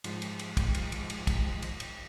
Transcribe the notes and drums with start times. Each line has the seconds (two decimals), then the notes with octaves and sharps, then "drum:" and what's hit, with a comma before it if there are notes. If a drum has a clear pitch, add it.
0.04 G#2 F3 G#3, drum: cymbal
0.22 drum: cymbal
0.39 drum: cymbal
0.57 drum: kick, cymbal
0.75 drum: cymbal
0.92 drum: cymbal
1.10 drum: cymbal
1.27 drum: kick, cymbal
1.62 drum: cymbal
1.80 drum: cymbal